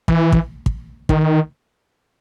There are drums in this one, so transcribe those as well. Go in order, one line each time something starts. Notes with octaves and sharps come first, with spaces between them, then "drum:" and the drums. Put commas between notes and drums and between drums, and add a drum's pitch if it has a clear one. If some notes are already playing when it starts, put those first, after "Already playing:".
E3, drum: kick
drum: kick
drum: kick
D#3, drum: kick